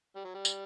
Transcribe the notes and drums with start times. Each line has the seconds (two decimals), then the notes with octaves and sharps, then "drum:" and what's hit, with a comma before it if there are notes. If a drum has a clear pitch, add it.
0.16 G3
0.24 F#3
0.34 G3
0.45 drum: tambourine